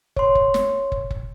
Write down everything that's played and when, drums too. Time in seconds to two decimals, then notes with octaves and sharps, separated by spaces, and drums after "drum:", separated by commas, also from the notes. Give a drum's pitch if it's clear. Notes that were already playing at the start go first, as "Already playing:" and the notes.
0.16 C#5 C6, drum: kick
0.35 drum: kick
0.54 drum: snare
0.92 drum: kick
1.11 drum: kick